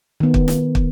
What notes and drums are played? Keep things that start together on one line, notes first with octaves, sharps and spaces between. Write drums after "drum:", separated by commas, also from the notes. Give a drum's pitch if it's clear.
D#3 B3
drum: kick
drum: snare
drum: kick